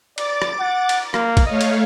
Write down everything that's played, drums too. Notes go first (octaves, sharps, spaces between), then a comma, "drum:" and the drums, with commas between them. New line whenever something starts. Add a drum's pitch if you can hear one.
D5 D6 A6, drum: cymbal
drum: rim click
F#5
drum: cymbal
A#3, drum: rim click
drum: kick, cymbal
A3 C#5 D#5 F5
drum: cymbal